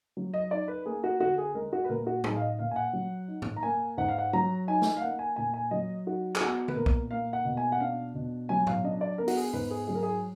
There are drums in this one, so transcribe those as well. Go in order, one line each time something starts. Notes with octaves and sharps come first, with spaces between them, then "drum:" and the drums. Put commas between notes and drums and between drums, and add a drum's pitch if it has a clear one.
F#3
D#5
D#4 D5
B4
A#3 G#4
F#4
D3 F#4
G#4
G#3 A#4
F#4
B4
A#2 A#4
F#4
D#4 G#4, drum: tom A2
F5
D#5
A#2 F5
G#5
F#5
F#3
D#4
drum: tom G2
A#5
A#3 G#5
G#2 F#5
F5
F#5
F#3 A#5
D#4 G#5
drum: snare
F5
A#3 F#5
G#5
A#2 G#5
G#5
F#3 D#5
D#4 F#4
G#4, drum: clap
B3 F#4
B4, drum: tom D3
A#2 A#4
drum: kick
A#3 F5
F#5
B2
G#5
F#5
D4 F5
B2
F#3 G#5
F5, drum: tom G2
D4 D#5
D5
B3 A#4
F#4, drum: open hi-hat
G#4
G#2 B4
G#4
F#3 G#4
A#4
G#4